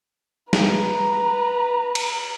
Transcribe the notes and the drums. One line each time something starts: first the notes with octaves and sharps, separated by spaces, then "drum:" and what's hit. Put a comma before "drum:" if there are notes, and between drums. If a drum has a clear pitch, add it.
B4 A#5, drum: snare
drum: cymbal